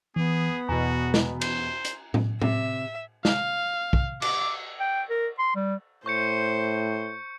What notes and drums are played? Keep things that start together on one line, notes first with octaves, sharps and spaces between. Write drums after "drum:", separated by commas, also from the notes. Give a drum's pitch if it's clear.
E3 B3 G#4
E2 B2 F#4 G#5 A#5
drum: snare
C5, drum: cymbal
drum: hi-hat
drum: tom A2
C3 E5, drum: tom A2
F5, drum: snare
drum: kick
D6, drum: cymbal
G5
A#4
C6
G3
A2 C5 C#6 G6 C#7